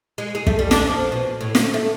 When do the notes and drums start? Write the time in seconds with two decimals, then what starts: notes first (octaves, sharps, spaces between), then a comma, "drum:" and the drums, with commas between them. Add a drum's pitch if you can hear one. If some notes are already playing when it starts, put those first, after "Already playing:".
0.18 G#3
0.35 G#4
0.47 A3, drum: kick
0.59 G3
0.71 D4, drum: snare
0.87 F3
1.12 B2
1.41 A2
1.55 D2, drum: snare
1.74 A3